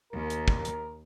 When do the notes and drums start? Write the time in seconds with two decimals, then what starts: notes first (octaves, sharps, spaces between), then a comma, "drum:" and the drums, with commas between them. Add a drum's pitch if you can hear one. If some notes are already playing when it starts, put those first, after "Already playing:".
0.13 D#2 A#4
0.30 drum: hi-hat
0.48 drum: kick
0.65 drum: hi-hat